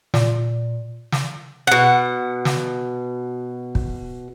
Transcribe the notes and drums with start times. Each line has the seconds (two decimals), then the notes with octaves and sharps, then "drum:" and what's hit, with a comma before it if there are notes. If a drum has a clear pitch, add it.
0.14 A#2, drum: snare
1.12 drum: snare
1.67 B2 F#5
2.45 drum: snare
3.75 drum: kick